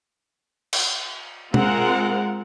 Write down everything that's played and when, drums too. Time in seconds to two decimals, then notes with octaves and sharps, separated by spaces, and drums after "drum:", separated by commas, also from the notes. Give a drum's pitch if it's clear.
0.73 drum: cymbal
1.54 G#3 C4 F4 A#4 F#5, drum: tom B2